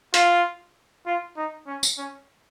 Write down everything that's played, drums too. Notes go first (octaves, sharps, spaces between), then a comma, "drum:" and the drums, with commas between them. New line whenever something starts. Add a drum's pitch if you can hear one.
F4, drum: hi-hat
F4
D#4
C#4
drum: tambourine
C#4